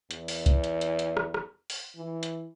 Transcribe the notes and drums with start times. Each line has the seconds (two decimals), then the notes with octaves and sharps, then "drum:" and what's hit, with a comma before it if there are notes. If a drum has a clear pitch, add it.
0.11 E2, drum: hi-hat
0.28 drum: open hi-hat
0.46 drum: kick C2, hi-hat
0.64 drum: hi-hat
0.81 drum: hi-hat
0.99 drum: hi-hat
1.17 drum: rim click
1.34 drum: rim click
1.70 drum: open hi-hat
1.96 E3
2.23 drum: hi-hat